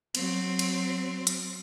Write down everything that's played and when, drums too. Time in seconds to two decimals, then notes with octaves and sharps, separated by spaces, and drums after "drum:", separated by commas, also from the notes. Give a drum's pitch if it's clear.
0.15 F#3 C4, drum: cymbal
0.59 drum: cymbal
1.27 drum: hi-hat